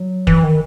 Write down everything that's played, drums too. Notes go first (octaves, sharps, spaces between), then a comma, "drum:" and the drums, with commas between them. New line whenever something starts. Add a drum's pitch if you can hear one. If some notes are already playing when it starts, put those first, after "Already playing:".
Already playing: F#3
E3, drum: kick
D#3